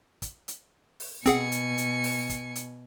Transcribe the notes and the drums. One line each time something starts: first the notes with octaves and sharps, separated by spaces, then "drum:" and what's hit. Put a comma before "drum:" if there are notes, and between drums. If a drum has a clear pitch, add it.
drum: kick, hi-hat
drum: hi-hat
drum: open hi-hat
B2 C4 G#4 F#5 G#5 C#7, drum: kick, hi-hat
drum: hi-hat
drum: hi-hat
drum: open hi-hat
drum: kick, hi-hat
drum: hi-hat